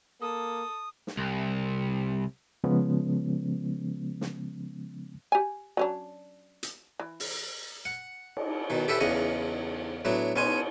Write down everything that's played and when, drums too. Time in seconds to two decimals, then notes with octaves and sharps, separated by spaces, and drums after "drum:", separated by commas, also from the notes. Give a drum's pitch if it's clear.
0.21 A#3 A4 D#6
1.07 drum: snare
1.18 C2
2.64 C#3 F3 G#3 B3 C#4
4.21 drum: snare
5.32 G4 G#5
5.77 F#3 C#4 D4
6.63 drum: hi-hat
7.00 E3
7.20 drum: open hi-hat
7.85 F#5
8.37 drum: cymbal
8.70 B2 D#3
8.88 G4 A4 B4 E5
9.00 E2 C#3 D#5 F#5
10.05 A2 F#3 B3 D4
10.36 B3 C#4 G#5 C6, drum: cymbal